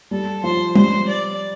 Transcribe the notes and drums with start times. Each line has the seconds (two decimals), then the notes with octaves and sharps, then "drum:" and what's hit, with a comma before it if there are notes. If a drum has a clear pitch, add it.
0.11 G3 A4
0.43 F3 C5
0.75 G3 C5, drum: tom
1.08 D5